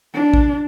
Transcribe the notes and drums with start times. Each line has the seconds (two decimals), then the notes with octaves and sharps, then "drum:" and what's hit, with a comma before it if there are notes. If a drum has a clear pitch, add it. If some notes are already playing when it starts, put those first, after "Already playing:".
0.14 D4
0.34 drum: kick A1